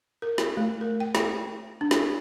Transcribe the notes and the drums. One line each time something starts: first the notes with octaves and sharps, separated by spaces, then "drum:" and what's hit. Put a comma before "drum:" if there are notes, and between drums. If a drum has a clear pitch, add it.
A#4
drum: snare
A3
A#4
G5
drum: snare
D4
drum: snare